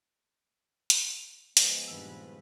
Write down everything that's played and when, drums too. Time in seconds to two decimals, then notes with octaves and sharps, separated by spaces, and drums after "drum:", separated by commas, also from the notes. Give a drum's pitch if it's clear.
0.90 drum: hi-hat
1.57 F3 G#3 B3, drum: hi-hat
1.88 G2 A#2 D#3 B4 E6